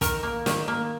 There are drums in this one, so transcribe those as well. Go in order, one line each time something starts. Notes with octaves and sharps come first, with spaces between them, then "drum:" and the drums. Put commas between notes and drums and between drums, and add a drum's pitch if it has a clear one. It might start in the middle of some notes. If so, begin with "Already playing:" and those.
D#3 A#4, drum: kick, hi-hat
A#3
D#3, drum: snare
A#3